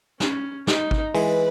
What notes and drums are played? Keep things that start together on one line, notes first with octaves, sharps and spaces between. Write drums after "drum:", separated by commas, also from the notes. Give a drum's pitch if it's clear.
C#4, drum: snare
D#4, drum: snare
drum: kick G#1
E3 G#3 B4, drum: open hi-hat